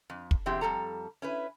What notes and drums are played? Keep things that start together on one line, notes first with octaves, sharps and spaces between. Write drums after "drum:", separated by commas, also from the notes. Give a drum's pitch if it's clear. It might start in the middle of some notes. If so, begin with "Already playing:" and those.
F2
drum: kick
B2 E3 C4 E4 G4 G#4
F2 C#3 G3 A4 A#5
C#4 E4 B4